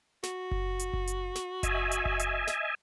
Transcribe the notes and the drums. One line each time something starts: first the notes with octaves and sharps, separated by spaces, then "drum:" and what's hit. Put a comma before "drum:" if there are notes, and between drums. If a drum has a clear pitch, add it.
F#4, drum: snare
drum: kick F#1
drum: hi-hat
drum: kick F#1
drum: hi-hat
drum: snare
D#5 E5 G#5, drum: kick F#1, hi-hat
drum: hi-hat
drum: kick F#1
drum: hi-hat
drum: snare